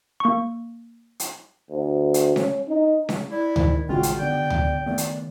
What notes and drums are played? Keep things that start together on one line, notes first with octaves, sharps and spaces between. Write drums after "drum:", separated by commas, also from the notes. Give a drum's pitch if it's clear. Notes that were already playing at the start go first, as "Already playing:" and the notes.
A#3 C#6
drum: hi-hat
D2
drum: hi-hat
C#4, drum: snare C#4
D#4
drum: snare C#4
E4 D5
D#3, drum: tom D2
A1 C#3 G#3 C#4 F4 F#4 G5
drum: hi-hat
D3 B3 D5 G5
drum: tom D2
D#3 A3 B3 D5
drum: hi-hat